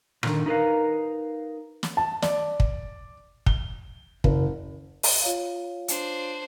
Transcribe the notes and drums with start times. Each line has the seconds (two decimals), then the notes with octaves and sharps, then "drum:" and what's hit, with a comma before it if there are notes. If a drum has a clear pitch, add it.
0.23 A#2 D3 D#3, drum: rim click
0.46 D#4 E4 A#4 B4 F5
1.83 drum: snare
1.97 A5
2.22 D5, drum: snare
2.60 drum: kick
3.46 G7, drum: kick
4.24 F#1, drum: kick
5.03 drum: open hi-hat
5.22 F4 C#5 F5
5.88 D4 C5, drum: hi-hat